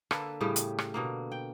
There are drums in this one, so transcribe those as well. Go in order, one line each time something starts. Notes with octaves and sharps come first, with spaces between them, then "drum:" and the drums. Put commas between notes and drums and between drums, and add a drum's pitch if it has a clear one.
D3 A#3 A4 B4, drum: rim click
A2 C#3 G3 G4
drum: hi-hat
drum: rim click
B2 D3 A#3
G5